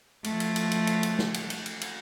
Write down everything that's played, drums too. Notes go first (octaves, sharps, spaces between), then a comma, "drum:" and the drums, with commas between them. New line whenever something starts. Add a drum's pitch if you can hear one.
F3 A3, drum: cymbal
drum: cymbal
drum: cymbal
drum: cymbal
drum: cymbal
drum: cymbal
drum: snare
drum: cymbal
drum: cymbal
drum: cymbal
drum: cymbal